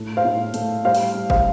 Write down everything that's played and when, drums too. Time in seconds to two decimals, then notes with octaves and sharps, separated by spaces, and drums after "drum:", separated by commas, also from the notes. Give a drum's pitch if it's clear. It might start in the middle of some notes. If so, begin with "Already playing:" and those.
Already playing: A2 A3
0.17 C5 F5
0.25 A2
0.54 A3, drum: hi-hat
0.85 G3 C5 F5
0.95 drum: open hi-hat
1.15 G3
1.30 C5 F5, drum: kick F#1